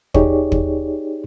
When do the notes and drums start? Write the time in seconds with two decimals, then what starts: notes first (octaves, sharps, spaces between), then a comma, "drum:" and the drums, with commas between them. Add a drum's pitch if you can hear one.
0.14 D#4 G4 G#4 C#5 D5, drum: kick
0.52 drum: kick